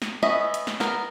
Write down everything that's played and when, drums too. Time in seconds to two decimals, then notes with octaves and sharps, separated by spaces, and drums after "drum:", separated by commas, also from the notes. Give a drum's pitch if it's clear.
0.02 drum: snare
0.23 B3 C#4 D#5 E5
0.54 drum: hi-hat
0.67 drum: snare
0.80 B3 A#4, drum: snare